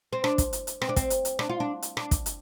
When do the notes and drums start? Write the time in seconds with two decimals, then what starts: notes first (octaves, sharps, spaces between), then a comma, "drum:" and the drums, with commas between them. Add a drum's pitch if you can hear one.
0.13 C4
0.24 D4, drum: rim click
0.38 drum: kick, hi-hat
0.53 drum: hi-hat
0.67 drum: hi-hat
0.82 C4, drum: rim click
0.89 D4
0.96 C4, drum: kick, hi-hat
1.10 drum: hi-hat
1.25 drum: hi-hat
1.39 D4, drum: rim click
1.49 F4
1.60 D4
1.82 drum: hi-hat
1.97 D4, drum: rim click
2.11 drum: kick, hi-hat
2.26 drum: hi-hat